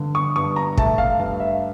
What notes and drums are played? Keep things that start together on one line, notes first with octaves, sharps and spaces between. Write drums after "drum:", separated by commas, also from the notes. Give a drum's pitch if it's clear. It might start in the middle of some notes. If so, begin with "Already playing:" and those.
Already playing: G2 D3
C#6
G2 C#6
A#5
A3 A5, drum: kick
F5
G2 F5
E5